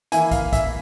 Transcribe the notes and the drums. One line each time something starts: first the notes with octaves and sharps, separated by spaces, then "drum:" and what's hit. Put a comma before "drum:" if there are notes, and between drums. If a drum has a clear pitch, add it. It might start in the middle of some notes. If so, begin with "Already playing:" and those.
E3 A#3 E4 G#5, drum: hi-hat
F5, drum: kick, hi-hat
E5, drum: kick, hi-hat